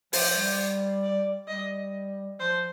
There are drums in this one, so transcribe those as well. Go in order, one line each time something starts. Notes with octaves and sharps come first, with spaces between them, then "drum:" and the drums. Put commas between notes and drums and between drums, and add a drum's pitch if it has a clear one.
F3 C5, drum: open hi-hat
G3
D5
G3 D#5
F3 C5